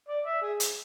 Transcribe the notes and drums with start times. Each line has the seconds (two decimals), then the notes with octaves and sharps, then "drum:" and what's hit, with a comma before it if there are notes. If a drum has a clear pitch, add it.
0.09 D5
0.25 E5
0.42 G#4
0.60 drum: hi-hat